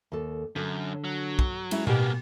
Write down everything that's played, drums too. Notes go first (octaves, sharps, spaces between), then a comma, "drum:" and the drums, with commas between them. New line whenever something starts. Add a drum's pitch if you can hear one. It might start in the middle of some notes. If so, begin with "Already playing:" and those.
D#2 A4
F#2 D3
F#3
drum: kick
G#3 C#4 E4, drum: cymbal
B2 A#3 B3 G4 G#5, drum: tom A2